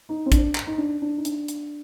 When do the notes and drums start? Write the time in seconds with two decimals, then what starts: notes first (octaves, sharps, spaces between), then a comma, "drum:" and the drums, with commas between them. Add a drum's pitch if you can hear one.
0.09 D#4
0.26 C4
0.32 D4, drum: kick, hi-hat
0.55 drum: clap
0.67 D#4
0.78 D4
1.02 D4
1.17 D#4
1.25 D4, drum: hi-hat
1.48 drum: hi-hat